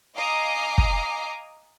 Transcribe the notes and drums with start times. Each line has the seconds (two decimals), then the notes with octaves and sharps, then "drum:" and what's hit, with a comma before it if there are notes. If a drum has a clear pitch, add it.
0.16 D#5 F5 G#5 A#5 D6 C7
0.78 drum: kick